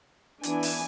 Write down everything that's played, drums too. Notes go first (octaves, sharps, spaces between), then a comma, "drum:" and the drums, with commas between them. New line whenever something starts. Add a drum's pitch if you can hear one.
E3 B3 D4 G#5, drum: hi-hat
drum: open hi-hat